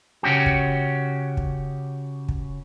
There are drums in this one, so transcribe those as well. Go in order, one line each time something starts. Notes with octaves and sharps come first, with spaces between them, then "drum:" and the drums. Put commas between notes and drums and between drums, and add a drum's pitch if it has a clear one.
C#3 C#4 F#4 G4
drum: kick
drum: kick
drum: kick